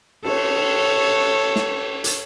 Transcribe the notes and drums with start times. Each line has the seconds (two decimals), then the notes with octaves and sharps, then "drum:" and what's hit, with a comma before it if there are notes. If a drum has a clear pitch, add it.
0.24 A4 C#5, drum: cymbal
1.56 drum: snare
2.04 drum: hi-hat